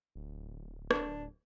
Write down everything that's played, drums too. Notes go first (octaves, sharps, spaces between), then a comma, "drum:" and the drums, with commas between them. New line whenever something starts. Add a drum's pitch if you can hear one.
D1
D4, drum: rim click